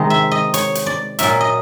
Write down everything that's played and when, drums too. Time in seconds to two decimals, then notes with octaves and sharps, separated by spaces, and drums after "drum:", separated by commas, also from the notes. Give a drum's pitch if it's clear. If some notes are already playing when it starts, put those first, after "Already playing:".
Already playing: C3 D#3 G#3
0.10 E5
0.31 D#5
0.54 C#5, drum: hi-hat
0.75 drum: hi-hat
0.86 D5
1.19 A#2 F#3 A#3 E5, drum: hi-hat
1.41 D#5